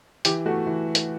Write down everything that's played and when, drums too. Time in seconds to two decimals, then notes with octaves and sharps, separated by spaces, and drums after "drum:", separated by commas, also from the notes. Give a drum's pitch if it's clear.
0.25 E3 G4, drum: hi-hat
0.46 A3 F#4
0.67 E3
0.95 drum: hi-hat